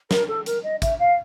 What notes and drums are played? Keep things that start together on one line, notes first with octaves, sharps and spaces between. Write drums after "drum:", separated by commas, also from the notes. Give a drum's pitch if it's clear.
A#4, drum: snare
A4
A#4, drum: hi-hat
D#5
E5, drum: kick, hi-hat
F5